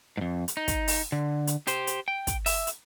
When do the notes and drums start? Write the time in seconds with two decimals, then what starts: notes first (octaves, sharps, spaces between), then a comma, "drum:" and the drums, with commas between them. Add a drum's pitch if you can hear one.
0.17 F2 G#2
0.48 drum: hi-hat
0.57 D#4
0.68 drum: kick, hi-hat
0.88 drum: open hi-hat
1.12 D3
1.47 drum: hi-hat
1.67 G4 C5, drum: hi-hat
1.87 drum: hi-hat
2.08 G5
2.27 drum: kick, hi-hat
2.46 E5, drum: open hi-hat
2.67 drum: hi-hat